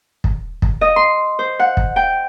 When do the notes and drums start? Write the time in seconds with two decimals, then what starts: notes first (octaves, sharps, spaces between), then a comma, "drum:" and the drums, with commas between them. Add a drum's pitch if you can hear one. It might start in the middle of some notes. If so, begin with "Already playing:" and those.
0.24 drum: kick
0.62 drum: kick
0.81 D#5
0.96 C6
1.39 C5
1.59 F#5
1.77 drum: kick
1.96 G5